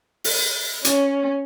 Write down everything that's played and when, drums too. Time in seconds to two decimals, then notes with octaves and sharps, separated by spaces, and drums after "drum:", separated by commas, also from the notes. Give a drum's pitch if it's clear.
0.24 drum: open hi-hat
0.85 C#4, drum: hi-hat